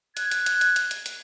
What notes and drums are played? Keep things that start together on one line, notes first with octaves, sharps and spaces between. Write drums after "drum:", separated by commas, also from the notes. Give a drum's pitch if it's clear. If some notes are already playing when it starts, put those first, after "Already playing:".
F#6 G#6, drum: hi-hat
drum: hi-hat
drum: hi-hat
drum: hi-hat
drum: hi-hat
drum: hi-hat
drum: hi-hat